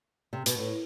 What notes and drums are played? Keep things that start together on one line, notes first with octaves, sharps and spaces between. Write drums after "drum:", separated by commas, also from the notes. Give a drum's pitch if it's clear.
C3
B2, drum: hi-hat
A2